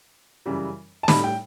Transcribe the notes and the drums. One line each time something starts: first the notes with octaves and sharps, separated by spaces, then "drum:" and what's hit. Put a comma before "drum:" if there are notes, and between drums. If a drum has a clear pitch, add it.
F#2 C#3 E3 G3
A5
A2 G3 B5, drum: snare
G5